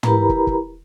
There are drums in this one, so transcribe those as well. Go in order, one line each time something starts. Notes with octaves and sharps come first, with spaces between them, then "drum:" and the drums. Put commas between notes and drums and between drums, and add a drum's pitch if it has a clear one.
E4 G4 A#4 B4 A#5 B5, drum: tom
drum: kick
drum: kick